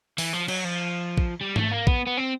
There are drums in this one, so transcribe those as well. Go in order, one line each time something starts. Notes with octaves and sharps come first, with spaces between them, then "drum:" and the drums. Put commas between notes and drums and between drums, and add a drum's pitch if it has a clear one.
E3, drum: open hi-hat
F3
F#3, drum: cymbal
F3
drum: kick
G3
A3, drum: tom G#2
A#3
B3, drum: kick
B3
C4